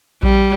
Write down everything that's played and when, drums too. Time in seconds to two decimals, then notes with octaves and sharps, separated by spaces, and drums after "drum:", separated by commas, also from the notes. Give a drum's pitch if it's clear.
0.23 G3, drum: kick A#1